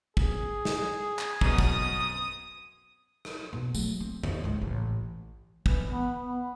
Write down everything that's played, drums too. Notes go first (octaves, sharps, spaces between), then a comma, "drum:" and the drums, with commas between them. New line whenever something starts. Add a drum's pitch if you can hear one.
G#4, drum: kick
drum: snare
drum: clap
F#2 B2 D#6, drum: kick
drum: kick
drum: rim click
B2
F#3 A3, drum: tambourine
C4
F#2 D#3, drum: tom E2
G#1 C#2
A1
E3, drum: kick
B3
B3